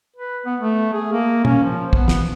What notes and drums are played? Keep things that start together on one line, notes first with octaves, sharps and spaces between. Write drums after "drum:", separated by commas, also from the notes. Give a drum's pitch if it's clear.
B4
B3
A3
G#4
A#3
C#4, drum: tom
F3
B3, drum: kick
drum: snare